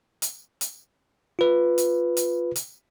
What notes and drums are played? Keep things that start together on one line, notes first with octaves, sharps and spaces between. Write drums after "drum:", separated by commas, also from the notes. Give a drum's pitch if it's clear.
drum: hi-hat
drum: hi-hat
F4 B4
drum: hi-hat
drum: hi-hat
drum: hi-hat